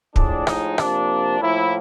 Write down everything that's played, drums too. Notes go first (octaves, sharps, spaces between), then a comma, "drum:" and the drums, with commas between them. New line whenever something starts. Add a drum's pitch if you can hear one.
A2 F3 G#3 D4, drum: kick
D#4, drum: rim click
C3 F3 A#3 D4, drum: rim click
A2 F3 A#3 E4